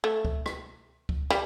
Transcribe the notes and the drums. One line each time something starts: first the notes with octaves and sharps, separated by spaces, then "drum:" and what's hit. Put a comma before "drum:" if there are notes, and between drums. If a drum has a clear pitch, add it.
A3
drum: kick C#2
drum: rim click
drum: kick C#2
G3, drum: rim click